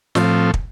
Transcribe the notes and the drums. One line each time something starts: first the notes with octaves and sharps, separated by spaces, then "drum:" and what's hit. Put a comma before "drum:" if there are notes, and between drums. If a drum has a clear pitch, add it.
A2 F3 C4, drum: snare
drum: kick